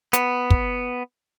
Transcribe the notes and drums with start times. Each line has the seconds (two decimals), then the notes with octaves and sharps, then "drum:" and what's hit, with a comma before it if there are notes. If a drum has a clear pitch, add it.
0.13 B3, drum: hi-hat
0.50 drum: kick